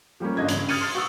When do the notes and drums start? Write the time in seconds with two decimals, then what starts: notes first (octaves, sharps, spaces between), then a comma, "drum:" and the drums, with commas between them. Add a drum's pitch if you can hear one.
0.20 F3 G3 A#3 C#4
0.37 G1 D4 D#5 G#6
0.49 G2 C#3, drum: hi-hat
0.69 D#6 F6 G#6 A6 C#7 D#7, drum: open hi-hat
0.81 C6 F6 A6
0.95 F#4 F#5 C#6 D#6 E6